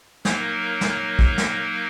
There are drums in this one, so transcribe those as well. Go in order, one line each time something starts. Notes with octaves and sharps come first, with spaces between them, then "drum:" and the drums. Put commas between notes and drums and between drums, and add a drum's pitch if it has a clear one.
F#3 A#3 D#4 A#4, drum: snare
drum: snare
drum: kick
drum: snare